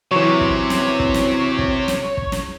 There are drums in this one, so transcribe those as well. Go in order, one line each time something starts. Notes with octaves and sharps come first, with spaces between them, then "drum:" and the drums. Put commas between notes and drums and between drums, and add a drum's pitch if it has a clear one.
C3 E3 F#3 C#5 C#6
drum: kick
drum: snare
drum: kick
drum: snare
drum: kick
drum: snare
drum: kick
drum: snare